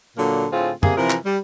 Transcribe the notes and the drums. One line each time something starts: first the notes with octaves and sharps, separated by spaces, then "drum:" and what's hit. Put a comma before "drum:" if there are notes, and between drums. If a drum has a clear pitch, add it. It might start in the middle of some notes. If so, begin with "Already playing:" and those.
A#2 D3 F#3 A#3
A2 D3 A3 C4 F4 G#4
C3 G3 A#3 G#4, drum: tom F#2
C3 E3 F3 A#4
drum: clap
G3